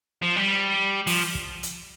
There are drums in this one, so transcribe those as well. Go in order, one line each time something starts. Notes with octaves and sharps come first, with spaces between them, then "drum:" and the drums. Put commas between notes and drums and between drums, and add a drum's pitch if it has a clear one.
F3
G3
F3, drum: open hi-hat
drum: kick
drum: hi-hat